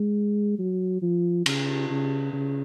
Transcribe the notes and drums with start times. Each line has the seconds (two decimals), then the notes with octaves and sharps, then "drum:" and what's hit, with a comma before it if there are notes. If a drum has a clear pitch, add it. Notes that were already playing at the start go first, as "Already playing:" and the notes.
Already playing: G#3
0.59 F#3
1.02 F3
1.46 C#3, drum: cymbal
1.90 C#3
2.33 C#3